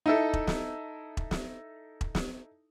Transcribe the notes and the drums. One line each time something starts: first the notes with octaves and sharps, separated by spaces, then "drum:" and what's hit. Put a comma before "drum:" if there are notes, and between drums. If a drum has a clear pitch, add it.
D#4 E4 A4
drum: kick E1
drum: snare
drum: kick E1
drum: snare
drum: kick E1
drum: snare